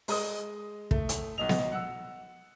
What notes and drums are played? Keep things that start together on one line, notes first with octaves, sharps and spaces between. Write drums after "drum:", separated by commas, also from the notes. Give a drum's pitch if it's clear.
G#3 D#5 D#6, drum: open hi-hat
A3, drum: kick
drum: hi-hat
B1 D#5 F7
drum: snare B3
F#5 E6